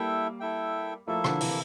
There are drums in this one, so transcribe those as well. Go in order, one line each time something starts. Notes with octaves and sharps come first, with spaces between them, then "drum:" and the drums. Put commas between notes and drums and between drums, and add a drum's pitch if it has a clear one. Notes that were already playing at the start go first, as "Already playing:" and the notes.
Already playing: G3 A#3 E4 A4 E5 G5
E4 A4 E5 G5
F3 A3 A#3 E4 A4 E5
D3 F3, drum: rim click
C3 E3, drum: open hi-hat